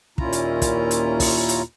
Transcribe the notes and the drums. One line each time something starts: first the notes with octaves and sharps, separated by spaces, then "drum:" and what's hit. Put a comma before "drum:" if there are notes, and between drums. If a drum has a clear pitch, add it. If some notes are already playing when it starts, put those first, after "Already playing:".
D#2 A#2 C#4 E4 F4 A#5, drum: kick
drum: hi-hat
drum: kick, hi-hat
drum: hi-hat
drum: kick, open hi-hat
drum: hi-hat